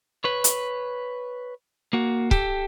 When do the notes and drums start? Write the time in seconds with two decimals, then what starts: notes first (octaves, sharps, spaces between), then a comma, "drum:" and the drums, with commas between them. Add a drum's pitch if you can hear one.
0.24 B4 C#5
0.44 drum: hi-hat
1.93 A#3 F#4
2.31 G4 A4, drum: kick